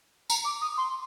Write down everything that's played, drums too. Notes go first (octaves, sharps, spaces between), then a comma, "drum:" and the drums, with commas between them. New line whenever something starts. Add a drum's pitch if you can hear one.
A#5, drum: tambourine
D6
D#6
C6